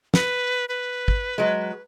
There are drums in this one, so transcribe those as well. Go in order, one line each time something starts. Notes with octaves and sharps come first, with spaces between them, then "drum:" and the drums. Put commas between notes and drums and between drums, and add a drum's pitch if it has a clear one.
B4, drum: snare
B4
drum: kick
F#3 G#3